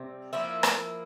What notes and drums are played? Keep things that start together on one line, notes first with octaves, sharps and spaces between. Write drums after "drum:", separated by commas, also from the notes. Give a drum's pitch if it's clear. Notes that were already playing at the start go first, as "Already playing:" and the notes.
Already playing: C3 G3 C4
F3 A#3 E4 E5
drum: rim click